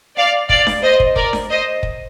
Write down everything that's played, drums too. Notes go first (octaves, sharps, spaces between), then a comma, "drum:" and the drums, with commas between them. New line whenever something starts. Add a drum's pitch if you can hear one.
D5 F5
D5 F5, drum: kick
drum: snare D4
C5 D#5
drum: kick
A#4 D5, drum: kick
drum: snare D4
C5 D#5
drum: kick